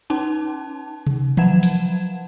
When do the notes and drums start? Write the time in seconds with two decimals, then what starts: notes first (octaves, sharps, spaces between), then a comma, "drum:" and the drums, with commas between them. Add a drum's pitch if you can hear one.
0.10 C#4 D#4 A5
1.07 drum: tom C3
1.37 F3 F#3 F#5 A5 G#6 E7, drum: tom D#3
1.63 drum: hi-hat